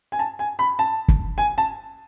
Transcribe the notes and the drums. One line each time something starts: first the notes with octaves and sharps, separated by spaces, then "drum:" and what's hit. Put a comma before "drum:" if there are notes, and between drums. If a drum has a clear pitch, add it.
G#5
A5
G#5
B5
A5
drum: kick
G#5
A5